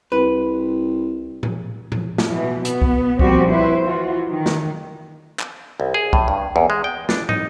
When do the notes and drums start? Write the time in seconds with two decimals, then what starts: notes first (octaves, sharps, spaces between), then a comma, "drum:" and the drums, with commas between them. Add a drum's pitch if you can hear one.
0.12 C2 B4
1.43 drum: tom A2
1.92 drum: tom A2
2.18 drum: snare
2.29 B2 E3
2.65 B3, drum: hi-hat
2.82 drum: kick
3.19 A#2 F3 G3 C4 F#4 G4, drum: kick
3.51 E4 B4 C5
3.84 E3 F4 F#4
4.29 D#3
4.46 drum: snare
5.40 drum: clap
5.80 C2
5.94 G#4
6.13 A2, drum: kick
6.28 G2
6.56 E2
6.70 G#3
6.84 G5
7.09 D4, drum: snare
7.29 D#4, drum: tom